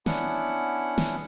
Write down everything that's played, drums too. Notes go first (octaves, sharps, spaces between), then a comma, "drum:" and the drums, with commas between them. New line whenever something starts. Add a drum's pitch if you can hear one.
B3 C#4 D4 E4 F#5, drum: snare
drum: snare